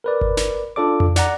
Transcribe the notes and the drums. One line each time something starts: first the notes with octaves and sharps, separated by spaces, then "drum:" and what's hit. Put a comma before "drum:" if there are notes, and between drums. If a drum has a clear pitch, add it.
A#4 B4 D5
drum: kick G1
drum: snare
D4 F4 A4 D5 D6
drum: tom F2
D5 F#5 A#5, drum: snare